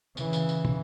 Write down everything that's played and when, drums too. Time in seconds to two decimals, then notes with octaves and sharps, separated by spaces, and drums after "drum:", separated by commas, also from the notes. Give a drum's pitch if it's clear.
0.17 C#3 E3, drum: tambourine
0.33 drum: tambourine
0.49 drum: tambourine
0.65 drum: tom